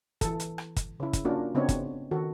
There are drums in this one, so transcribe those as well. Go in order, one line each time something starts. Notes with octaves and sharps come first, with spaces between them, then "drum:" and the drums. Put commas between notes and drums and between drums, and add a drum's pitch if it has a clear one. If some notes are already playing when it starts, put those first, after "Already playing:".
E3 A4, drum: kick, hi-hat
drum: hi-hat
drum: rim click
drum: kick, hi-hat
C#3 E4
drum: kick, hi-hat
A#3 C#4 D4 F4 F#4 A#4
C#3 B3 C4 D4 D#4 C#5
drum: kick, hi-hat
D#3 F#4 A4